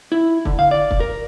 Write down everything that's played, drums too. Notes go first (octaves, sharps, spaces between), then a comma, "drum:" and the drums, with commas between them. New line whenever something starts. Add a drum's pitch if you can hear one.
E4
D3, drum: kick
F5
D5
drum: kick
A#4